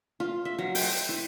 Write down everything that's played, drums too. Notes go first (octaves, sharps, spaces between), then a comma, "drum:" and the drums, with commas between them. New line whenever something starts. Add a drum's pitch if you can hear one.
F4
E5
F#3
G5, drum: open hi-hat
E4